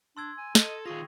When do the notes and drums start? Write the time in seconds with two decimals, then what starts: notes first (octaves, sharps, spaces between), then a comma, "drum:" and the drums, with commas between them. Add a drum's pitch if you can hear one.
0.17 D4 C6 E6 G#6
0.37 G#5
0.55 A4 D#5, drum: snare
0.86 D#3 F4 G#4 C#6 A#6